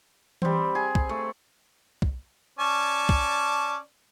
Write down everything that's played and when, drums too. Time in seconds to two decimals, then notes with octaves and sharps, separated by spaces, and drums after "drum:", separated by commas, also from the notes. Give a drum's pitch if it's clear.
0.42 G3 C4, drum: tom E3
0.75 G#4
0.95 drum: kick
1.09 A3
2.02 drum: kick
2.59 C#4 D5 A5
3.09 drum: kick